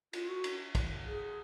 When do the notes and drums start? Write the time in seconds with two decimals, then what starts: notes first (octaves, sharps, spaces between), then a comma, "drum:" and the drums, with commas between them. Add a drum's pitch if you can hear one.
0.13 F4, drum: cymbal
0.28 F#4
0.44 drum: cymbal
0.75 drum: kick, cymbal
1.05 G#4